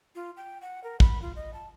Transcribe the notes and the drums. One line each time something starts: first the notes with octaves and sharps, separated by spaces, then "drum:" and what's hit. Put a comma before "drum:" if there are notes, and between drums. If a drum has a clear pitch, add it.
F4
G5
F#5
A#4
B5, drum: kick
F4
D#5
A5